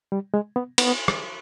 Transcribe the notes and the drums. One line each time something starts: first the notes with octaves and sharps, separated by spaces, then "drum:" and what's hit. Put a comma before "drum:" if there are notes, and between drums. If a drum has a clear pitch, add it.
G3
G#3
B3
B3, drum: cymbal
drum: rim click